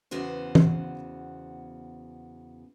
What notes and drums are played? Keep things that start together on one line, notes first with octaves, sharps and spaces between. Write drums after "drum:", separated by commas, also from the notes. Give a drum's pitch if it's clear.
E2 C#3 B3 F#4 C5
drum: tom E3